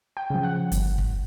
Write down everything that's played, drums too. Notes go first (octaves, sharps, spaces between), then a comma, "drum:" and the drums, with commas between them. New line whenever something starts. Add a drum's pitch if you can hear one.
G5
C#3 F3
F#5
G1, drum: hi-hat
drum: kick